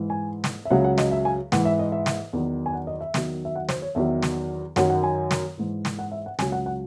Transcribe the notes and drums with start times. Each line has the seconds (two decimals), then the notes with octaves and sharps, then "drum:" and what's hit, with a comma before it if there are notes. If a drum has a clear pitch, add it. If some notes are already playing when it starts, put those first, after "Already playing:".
Already playing: G#2 E3
0.10 G#5
0.44 drum: snare
0.65 E5
0.70 C#2 C#3 F#3 F#5
0.84 F#5
0.98 D#5, drum: snare
1.11 E5
1.25 G#5
1.52 G#2 E3 F#5, drum: snare
1.65 E5
1.79 D#5
1.92 E5
2.06 drum: snare
2.33 E2 D#3 F#3
2.66 G#5
2.73 F#5
2.87 D#5
3.01 E5
3.14 E2 D#3 F#3, drum: snare
3.45 E5
3.55 F#5
3.69 C5, drum: snare
3.82 C#5
3.95 E2 D#3 F#3 E5
4.22 drum: snare
4.76 F#2 D#3 F#3 F#5, drum: snare
4.90 F#5
5.03 G#5
5.31 drum: snare
5.58 G#2 E3
5.85 drum: snare
5.99 F#5
6.12 E5
6.26 F#5
6.39 C#2 C#3 F#3 G#5, drum: snare
6.52 F#5
6.66 F#5